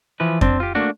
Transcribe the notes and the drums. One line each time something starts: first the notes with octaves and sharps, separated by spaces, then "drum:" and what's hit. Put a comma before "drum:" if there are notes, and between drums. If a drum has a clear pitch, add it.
E3 F3 B4
C4 D4, drum: kick F2
F4 G4
A3 A#3 D4 F#4